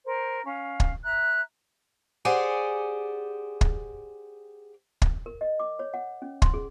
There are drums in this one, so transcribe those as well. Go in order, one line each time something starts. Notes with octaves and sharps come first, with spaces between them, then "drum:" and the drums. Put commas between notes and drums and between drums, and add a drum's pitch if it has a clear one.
A#4 C5
C#4 F5
drum: kick
E5 A#5 F#6
G4 G#4 C5 D5 F#5 G#5
drum: kick
drum: kick
A#4
D#5
D6
C#5
F#5
C#4
C6, drum: kick
G#4